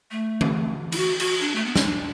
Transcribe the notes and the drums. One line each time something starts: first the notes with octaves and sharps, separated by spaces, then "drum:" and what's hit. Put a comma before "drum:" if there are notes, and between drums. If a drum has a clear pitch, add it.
A3
drum: tom E3
E4, drum: cymbal
F#4
F#4, drum: cymbal
D4
A3
B3
C#4, drum: snare
D4